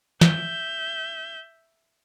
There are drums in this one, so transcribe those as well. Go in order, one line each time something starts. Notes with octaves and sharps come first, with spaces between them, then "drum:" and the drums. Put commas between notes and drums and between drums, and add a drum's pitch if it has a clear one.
E5 G6, drum: snare